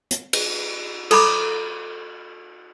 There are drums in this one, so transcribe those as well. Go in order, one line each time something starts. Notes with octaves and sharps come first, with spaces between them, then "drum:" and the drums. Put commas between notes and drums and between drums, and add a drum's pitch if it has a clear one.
drum: hi-hat
drum: cymbal
A4 A#5 B5 D6, drum: cymbal